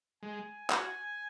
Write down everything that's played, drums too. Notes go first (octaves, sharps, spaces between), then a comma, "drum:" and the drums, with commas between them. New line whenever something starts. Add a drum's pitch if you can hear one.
G#3 G#5
F#4, drum: clap